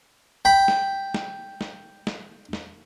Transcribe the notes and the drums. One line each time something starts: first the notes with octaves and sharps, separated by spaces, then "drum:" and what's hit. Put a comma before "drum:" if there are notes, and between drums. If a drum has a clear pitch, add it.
G5 B5
drum: snare
drum: snare
drum: snare
drum: snare
drum: snare